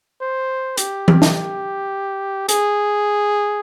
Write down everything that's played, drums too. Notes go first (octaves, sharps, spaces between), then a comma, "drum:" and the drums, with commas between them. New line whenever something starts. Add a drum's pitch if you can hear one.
C5
G4, drum: hi-hat
drum: tom E3
drum: snare
G4
G#4, drum: hi-hat